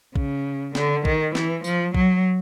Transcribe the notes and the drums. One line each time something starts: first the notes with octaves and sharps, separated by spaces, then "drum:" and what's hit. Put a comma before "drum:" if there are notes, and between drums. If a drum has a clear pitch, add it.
C#3, drum: kick A#1
D3, drum: snare
D#3, drum: kick A#1
E3, drum: snare
F3, drum: tambourine
F#3, drum: kick A#1